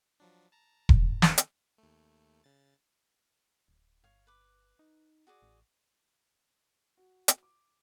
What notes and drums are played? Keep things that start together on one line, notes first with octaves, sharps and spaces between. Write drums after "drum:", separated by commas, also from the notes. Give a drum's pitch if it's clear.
F3 F#3 D4
A5 A#5
drum: kick E1
drum: snare
drum: hi-hat
D#2 A3
C#3 A6
D1
G1 C#5 F5
B4 D6
D#4
F#4 G#4 D5
A1
F#4
drum: hi-hat
D6